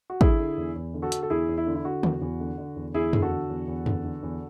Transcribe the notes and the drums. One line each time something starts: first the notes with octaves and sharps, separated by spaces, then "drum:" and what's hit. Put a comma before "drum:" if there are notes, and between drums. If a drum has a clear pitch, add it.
F#4
D3 E4 G#4, drum: kick
D3
E2
E2
D3
F#4 A4
D3, drum: hi-hat
A4
E2 E4 G#4
E2
E4
D3
E4
D3 F#4
E2, drum: tom
E2
D3
D3
E2
E2 E4 G#4
D3, drum: tom
F#4 A4
D3
E2
E2
D3, drum: tom
D3
E2